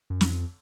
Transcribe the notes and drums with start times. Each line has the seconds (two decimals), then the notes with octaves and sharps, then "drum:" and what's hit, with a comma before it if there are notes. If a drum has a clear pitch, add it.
0.10 F#2
0.21 F2, drum: snare